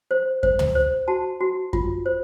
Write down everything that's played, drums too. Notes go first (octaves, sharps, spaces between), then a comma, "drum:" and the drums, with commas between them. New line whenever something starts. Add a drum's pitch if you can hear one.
C5
C5, drum: kick F#2
drum: tom
C5
F#4 A5
F#4
F4, drum: kick F#2
C5